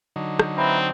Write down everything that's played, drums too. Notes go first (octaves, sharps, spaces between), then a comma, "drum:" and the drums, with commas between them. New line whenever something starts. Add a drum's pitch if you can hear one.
D3 F#3 D#4
drum: rim click
C4 E4 B4 A#5